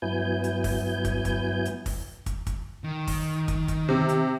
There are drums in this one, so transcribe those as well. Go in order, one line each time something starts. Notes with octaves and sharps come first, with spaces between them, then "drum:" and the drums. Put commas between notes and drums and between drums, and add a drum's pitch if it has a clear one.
G2 F#3 B3 E4 G#5 G6
drum: hi-hat
drum: kick, open hi-hat
drum: kick, hi-hat
drum: kick, hi-hat
drum: hi-hat
drum: kick, open hi-hat
drum: kick, hi-hat
drum: kick, hi-hat
D#3
drum: kick, open hi-hat
drum: kick, hi-hat
drum: kick, hi-hat
C3
drum: hi-hat